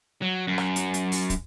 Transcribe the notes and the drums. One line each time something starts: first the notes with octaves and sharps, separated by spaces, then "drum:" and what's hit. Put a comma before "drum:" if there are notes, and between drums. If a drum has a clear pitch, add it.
F#3
F#2
drum: rim click
drum: hi-hat
drum: hi-hat
drum: open hi-hat
drum: kick, hi-hat